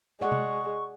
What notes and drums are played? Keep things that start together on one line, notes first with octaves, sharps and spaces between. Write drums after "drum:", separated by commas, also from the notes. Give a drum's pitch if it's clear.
G#3 D5 F#5 C#6
drum: tom C3